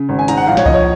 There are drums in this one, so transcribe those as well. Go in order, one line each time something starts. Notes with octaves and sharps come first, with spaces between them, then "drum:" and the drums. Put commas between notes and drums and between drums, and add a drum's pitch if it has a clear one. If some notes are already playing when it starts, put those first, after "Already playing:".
Already playing: C#3
G#1
G#5
G#2 A#5, drum: hi-hat
F#5
A#1 F5
C#5, drum: snare
F3 D#5, drum: kick C2
C#5